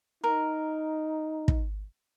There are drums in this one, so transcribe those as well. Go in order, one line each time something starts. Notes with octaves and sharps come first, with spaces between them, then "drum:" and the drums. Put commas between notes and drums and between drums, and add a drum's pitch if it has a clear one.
D#4 A#4
drum: kick